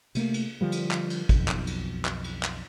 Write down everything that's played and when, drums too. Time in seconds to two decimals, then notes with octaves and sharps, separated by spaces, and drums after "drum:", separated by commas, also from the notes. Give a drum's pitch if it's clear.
0.15 C3 A3 A#3, drum: cymbal
0.34 drum: cymbal
0.61 D3 F3 G3
0.72 drum: cymbal
0.91 drum: clap
1.10 drum: cymbal
1.29 B1 F2, drum: kick, cymbal
1.48 drum: clap
1.67 drum: cymbal
2.05 drum: clap
2.24 drum: cymbal
2.43 drum: clap